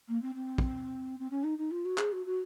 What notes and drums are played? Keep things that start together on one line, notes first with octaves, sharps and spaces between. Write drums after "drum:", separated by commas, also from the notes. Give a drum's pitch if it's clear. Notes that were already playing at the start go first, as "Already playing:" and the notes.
A#3
C4
C4
drum: kick
C4
C#4
D#4
D#4
F4
F#4
G#4, drum: clap
F#4
F#4